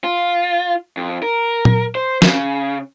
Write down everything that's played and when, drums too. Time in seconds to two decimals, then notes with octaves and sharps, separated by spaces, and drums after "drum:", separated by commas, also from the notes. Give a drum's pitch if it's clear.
0.04 F4
0.97 F2
1.23 A#4
1.65 drum: tom A#2
1.95 C5
2.22 C#3, drum: snare